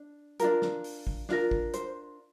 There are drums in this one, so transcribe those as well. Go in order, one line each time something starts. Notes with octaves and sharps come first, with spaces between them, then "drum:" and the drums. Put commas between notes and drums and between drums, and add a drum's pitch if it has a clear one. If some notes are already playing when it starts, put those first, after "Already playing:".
Already playing: D4
D4 F4 A#4, drum: hi-hat
drum: snare
drum: open hi-hat
drum: kick
D4 F4 A#4, drum: snare
drum: kick
C5, drum: hi-hat